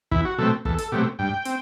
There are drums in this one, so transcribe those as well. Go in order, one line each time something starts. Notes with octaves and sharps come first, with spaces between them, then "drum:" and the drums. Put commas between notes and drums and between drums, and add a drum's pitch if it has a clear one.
E2 E4, drum: kick
F#4
B2 F#3 A3 C4 A4
E2 A4, drum: kick
A4, drum: hi-hat
B2 F#3 A3 C4 G4
G2 G5
C4, drum: hi-hat